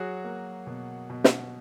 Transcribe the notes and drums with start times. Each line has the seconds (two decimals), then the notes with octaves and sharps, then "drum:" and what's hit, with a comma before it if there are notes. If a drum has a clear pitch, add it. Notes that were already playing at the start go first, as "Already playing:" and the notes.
Already playing: F#3 F#4 G#4
0.24 A#3
0.67 B2
1.10 B2
1.24 drum: snare